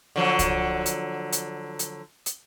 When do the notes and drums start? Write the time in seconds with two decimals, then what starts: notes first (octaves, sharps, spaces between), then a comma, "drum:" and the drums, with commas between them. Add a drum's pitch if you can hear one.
0.16 D3 F3 F#3
0.39 drum: kick C2, hi-hat
0.86 drum: hi-hat
1.33 drum: hi-hat
1.79 drum: hi-hat
2.26 drum: hi-hat